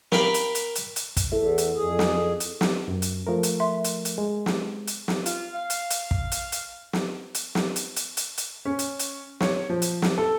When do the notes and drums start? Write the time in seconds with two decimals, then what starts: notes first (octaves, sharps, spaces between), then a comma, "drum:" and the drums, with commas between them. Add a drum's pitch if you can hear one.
0.12 A#4 F5 G5 B5, drum: snare
0.34 drum: hi-hat
0.55 drum: hi-hat
0.75 drum: hi-hat
0.96 drum: hi-hat
1.17 drum: kick, hi-hat
1.32 E2 E4 A4 E5
1.58 drum: hi-hat
1.75 F2 G#4
1.99 drum: snare
2.40 drum: hi-hat
2.61 drum: snare
2.88 F#2
3.02 drum: hi-hat
3.27 F3 A3 A#4
3.43 drum: hi-hat
3.60 E5 C6
3.84 drum: hi-hat
4.05 drum: hi-hat
4.18 G#3
4.46 drum: snare
4.87 drum: hi-hat
5.08 drum: snare
5.26 F4, drum: hi-hat
5.54 F5
5.70 drum: hi-hat
5.90 drum: hi-hat
6.11 drum: kick
6.32 drum: hi-hat
6.52 drum: hi-hat
6.93 drum: snare
7.34 drum: hi-hat
7.55 drum: snare
7.76 drum: hi-hat
7.96 drum: hi-hat
8.17 drum: hi-hat
8.37 drum: hi-hat
8.65 C#4
8.79 drum: hi-hat
8.99 drum: hi-hat
9.40 C#5, drum: snare
9.70 F3
9.82 drum: hi-hat
10.02 drum: snare
10.18 A4